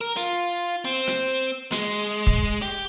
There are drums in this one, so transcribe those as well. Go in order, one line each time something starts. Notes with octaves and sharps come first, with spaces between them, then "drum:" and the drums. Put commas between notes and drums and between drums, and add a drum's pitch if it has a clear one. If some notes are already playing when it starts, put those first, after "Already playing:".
A#4
F4
C4
drum: hi-hat
G#3, drum: hi-hat
drum: kick
G4